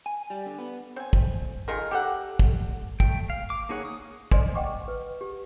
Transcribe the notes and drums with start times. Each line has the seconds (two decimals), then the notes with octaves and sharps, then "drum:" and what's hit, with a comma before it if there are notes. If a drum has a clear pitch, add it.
0.06 G#5
0.30 G3
0.46 D3
0.58 B3
0.96 C4 G#5
1.13 drum: kick
1.68 D#3 G#3 F4 A#4
1.91 G4 A4 F#5
2.39 drum: kick
3.00 A3 G5, drum: kick
3.30 F5
3.50 D6
3.69 A#3 D#4 G#4 C#5 F#5
3.85 D#6
4.32 C5 D5 D#5 G#5 C6, drum: kick
4.55 D#5 F#5 G5 C#6 D6
4.88 B4
5.21 G4